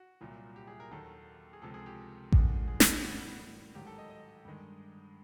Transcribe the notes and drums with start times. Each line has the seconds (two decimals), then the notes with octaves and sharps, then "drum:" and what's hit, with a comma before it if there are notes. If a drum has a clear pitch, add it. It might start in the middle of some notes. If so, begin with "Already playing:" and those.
Already playing: F#4
0.21 C2 A#2 F#3
0.56 G4
0.67 G#4
0.80 A#4
0.91 D#2 D#3 F#3 A4
1.53 G#4
1.62 C#2 C3 F3 A4
1.74 G#4
1.86 G4
2.32 D#2 D3 F3 G#3, drum: kick A1
2.68 G#4
2.80 A4, drum: snare
2.91 G4
3.03 A2 E3 G3 F#4
3.75 G#2 D#3 F#3 G4
3.87 A4
3.98 D#5
4.10 D#5
4.45 G2 D#3 G#3